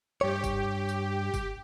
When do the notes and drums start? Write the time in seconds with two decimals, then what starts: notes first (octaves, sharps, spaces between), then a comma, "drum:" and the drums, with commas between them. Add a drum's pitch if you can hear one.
0.21 G2 G4 C#5
0.44 drum: kick, tambourine
0.89 drum: tambourine
1.34 drum: kick, tambourine